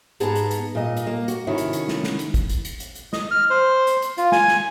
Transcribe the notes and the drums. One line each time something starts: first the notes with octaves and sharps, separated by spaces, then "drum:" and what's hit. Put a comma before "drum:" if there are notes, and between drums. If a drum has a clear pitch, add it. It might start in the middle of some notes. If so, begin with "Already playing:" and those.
G#2 B3 G#4 A5 A#5, drum: hi-hat
drum: hi-hat
drum: hi-hat
A#2 D#5
drum: hi-hat
A#3
F#4, drum: hi-hat
C3 D#3 C#4 E4 F#4
drum: hi-hat
drum: hi-hat
drum: snare
drum: snare
drum: hi-hat
drum: kick, hi-hat
drum: hi-hat
drum: hi-hat
drum: hi-hat
drum: hi-hat
D#5, drum: snare
F6
C5
drum: hi-hat
drum: hi-hat
F4, drum: hi-hat
G#5, drum: snare
drum: snare